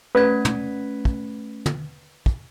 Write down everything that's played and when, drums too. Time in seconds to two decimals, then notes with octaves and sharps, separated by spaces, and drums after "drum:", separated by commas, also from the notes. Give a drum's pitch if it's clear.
0.15 A3 C#4 B4 G#6
0.45 drum: tom
1.05 drum: kick
1.66 drum: tom
2.26 drum: kick